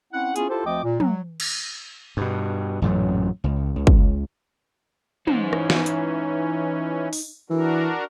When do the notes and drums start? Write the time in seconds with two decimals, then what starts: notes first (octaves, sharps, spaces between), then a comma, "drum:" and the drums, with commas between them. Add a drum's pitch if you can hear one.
0.13 C4 C#4 E4 F#5
0.36 B3 C#4 E4 F4 G#4, drum: hi-hat
0.50 E4 F4 G4 A4 C5
0.65 D2 F3 C4 D#5 G5 D6
0.83 A#2
1.00 F#3, drum: tom
1.40 drum: cymbal
2.17 G2 B2
2.82 A1 F#2 A#2 F#3
3.44 C#2
3.76 C#2
3.87 drum: kick
5.27 E3 C#4 D#4 C5, drum: tom
5.53 drum: rim click
5.70 drum: snare
5.86 drum: hi-hat
7.13 drum: open hi-hat
7.50 E3 D4 F#4 A#4